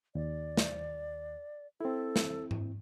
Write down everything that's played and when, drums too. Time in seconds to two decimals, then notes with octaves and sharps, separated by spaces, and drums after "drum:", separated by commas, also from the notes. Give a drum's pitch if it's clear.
0.15 D#2 D5
0.57 drum: snare
1.81 C4 E4 A4
2.16 drum: snare
2.51 drum: tom G#2